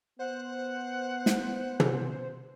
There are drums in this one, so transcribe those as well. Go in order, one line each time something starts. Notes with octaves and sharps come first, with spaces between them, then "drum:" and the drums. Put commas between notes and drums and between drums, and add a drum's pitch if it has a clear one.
B3 C5 F#5
drum: snare
drum: tom